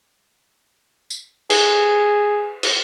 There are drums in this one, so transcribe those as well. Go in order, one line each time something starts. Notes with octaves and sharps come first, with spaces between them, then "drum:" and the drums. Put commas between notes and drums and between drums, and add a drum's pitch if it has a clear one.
drum: tambourine
G#4, drum: cymbal
drum: cymbal